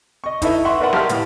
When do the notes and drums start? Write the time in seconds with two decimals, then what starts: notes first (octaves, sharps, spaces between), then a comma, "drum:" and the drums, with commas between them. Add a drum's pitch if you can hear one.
0.24 D#5 C#6
0.42 D#4 E4 A4 B4 D#5 E5, drum: kick, hi-hat
0.65 E5 F#5 C6 C#6
0.80 A#4 B4 D5 E5 F#5 C6
0.93 G4 A#4 F5 A5 C6 F6, drum: snare
1.09 A2, drum: hi-hat